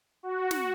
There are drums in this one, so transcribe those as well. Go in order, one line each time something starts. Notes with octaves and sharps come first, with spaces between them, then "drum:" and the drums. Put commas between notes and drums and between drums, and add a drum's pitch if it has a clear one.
F#4
drum: snare